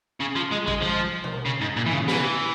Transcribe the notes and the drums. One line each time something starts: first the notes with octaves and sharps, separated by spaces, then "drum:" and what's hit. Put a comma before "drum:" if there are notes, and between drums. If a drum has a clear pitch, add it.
C#3
F3
G#3
G#3, drum: kick
F3
drum: tom B2
C#3
G#2
A#2
E3
C#3
E3, drum: snare